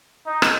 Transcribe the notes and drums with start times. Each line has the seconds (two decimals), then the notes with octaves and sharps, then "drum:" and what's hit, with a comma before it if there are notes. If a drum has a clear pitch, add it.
0.25 D#4
0.42 drum: rim click